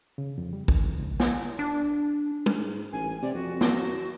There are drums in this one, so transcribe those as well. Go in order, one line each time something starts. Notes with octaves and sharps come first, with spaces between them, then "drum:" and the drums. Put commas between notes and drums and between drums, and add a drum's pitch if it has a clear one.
C#3
F2
G3
D#3, drum: kick A1
F2
C#2
G#5, drum: snare
D4
drum: tom
G#2
A1 G#5
C3 D5
F2 F#4
drum: snare